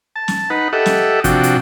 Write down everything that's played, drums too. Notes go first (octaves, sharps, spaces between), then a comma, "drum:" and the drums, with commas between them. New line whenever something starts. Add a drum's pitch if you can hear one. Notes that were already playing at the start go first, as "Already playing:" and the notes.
A5
drum: snare
D#4 B4 F#5
G4 A4 D#5 E5 F#5
drum: snare
C3 F3 D4 F#4 G5, drum: kick, hi-hat
drum: hi-hat